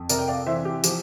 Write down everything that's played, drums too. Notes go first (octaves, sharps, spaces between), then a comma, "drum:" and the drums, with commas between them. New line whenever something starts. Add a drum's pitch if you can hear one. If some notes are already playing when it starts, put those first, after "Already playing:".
Already playing: F2
C3 A#4 D5, drum: tambourine
G5
D5 F5
E3 C5 E5
G4
F3 G4, drum: tambourine